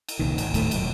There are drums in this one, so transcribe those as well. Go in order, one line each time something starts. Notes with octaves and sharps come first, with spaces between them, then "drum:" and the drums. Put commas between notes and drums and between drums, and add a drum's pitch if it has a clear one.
drum: cymbal
C2 A#2 D#3
G#1, drum: cymbal
D2 A2 D#3 A3, drum: cymbal
E1 F#2, drum: cymbal